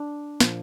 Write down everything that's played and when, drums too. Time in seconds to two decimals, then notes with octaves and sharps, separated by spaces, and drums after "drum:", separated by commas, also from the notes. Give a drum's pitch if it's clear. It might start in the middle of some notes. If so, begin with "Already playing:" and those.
Already playing: D4
0.40 A#2 F3, drum: snare